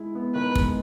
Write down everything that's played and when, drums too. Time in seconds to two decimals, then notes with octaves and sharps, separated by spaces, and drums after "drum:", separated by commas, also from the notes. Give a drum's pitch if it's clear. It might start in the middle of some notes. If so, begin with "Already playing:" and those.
Already playing: G#3 E4
0.15 B3
0.35 D#3 B4
0.56 G#3, drum: kick